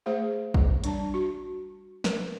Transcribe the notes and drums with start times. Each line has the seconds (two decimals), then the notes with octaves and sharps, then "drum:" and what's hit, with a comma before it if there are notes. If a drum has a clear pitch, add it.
0.06 A3 G#4 C5 F#5
0.54 drum: kick
0.84 G3 D4 A5, drum: hi-hat
1.14 F#4
2.04 A#4 B4, drum: snare